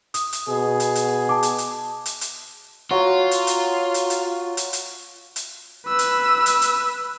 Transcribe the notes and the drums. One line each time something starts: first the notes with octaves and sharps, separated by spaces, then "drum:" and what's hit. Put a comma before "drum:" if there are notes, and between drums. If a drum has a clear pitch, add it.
D#6, drum: hi-hat
drum: hi-hat
B2 G#4
drum: hi-hat
drum: hi-hat
A5 D6
drum: hi-hat
drum: hi-hat
drum: hi-hat
drum: hi-hat
F#3 F4 F#4
drum: hi-hat
drum: hi-hat
drum: hi-hat
drum: hi-hat
drum: hi-hat
drum: hi-hat
drum: hi-hat
B4 E6
drum: hi-hat
drum: hi-hat
drum: hi-hat